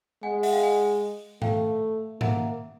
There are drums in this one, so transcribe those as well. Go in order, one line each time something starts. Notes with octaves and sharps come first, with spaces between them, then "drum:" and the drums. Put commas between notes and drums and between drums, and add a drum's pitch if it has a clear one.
G#3 F#5 G#5
E5 F#5, drum: open hi-hat
F5 G5
F#5 G#5
A3 F5 G5, drum: tom G#2
A#3 E5 F#5, drum: tom G#2